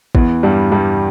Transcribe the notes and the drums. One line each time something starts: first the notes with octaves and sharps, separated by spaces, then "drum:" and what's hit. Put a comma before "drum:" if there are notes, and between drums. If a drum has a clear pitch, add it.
E2 E3, drum: kick
G2 G3
G2 G3